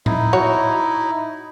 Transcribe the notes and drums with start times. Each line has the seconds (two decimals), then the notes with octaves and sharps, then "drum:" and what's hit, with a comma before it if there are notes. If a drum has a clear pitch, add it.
0.06 D#4 E4, drum: tom A2
0.33 F#4 C#5